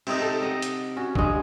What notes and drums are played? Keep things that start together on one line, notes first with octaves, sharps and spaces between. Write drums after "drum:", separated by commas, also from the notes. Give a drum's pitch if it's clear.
C3 C4 D#4 A#4, drum: cymbal
A4
A#4 D#5 F#5
drum: hi-hat
C#4 F#4
G2 G#3, drum: kick A1